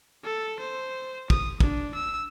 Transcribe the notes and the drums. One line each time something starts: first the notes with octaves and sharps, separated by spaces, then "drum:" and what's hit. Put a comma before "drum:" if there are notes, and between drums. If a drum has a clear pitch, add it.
A4
C5
D#6, drum: kick
D4, drum: kick
E6